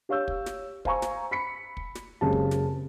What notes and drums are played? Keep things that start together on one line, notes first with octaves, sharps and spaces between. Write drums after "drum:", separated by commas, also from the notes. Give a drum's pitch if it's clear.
G4 C#5 F5 C#6 E6 G6
drum: kick
drum: snare
C5 F5 G#5 A#5 C#6, drum: kick
drum: snare
B5 B6 C#7
drum: kick
drum: snare
F#1 C#3 G#3 C4 G4 A5
drum: kick
drum: snare